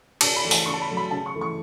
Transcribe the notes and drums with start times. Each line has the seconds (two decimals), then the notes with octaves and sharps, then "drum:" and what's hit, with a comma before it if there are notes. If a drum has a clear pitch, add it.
0.21 C#3 A5, drum: cymbal
0.36 B5
0.44 E3 A3
0.51 A5, drum: open hi-hat
0.66 C#3 C#6
0.73 A5
0.82 B5
0.89 F#3 A3
0.97 B5
1.11 C#3 A5
1.26 C#6
1.35 E3 A3
1.41 C#6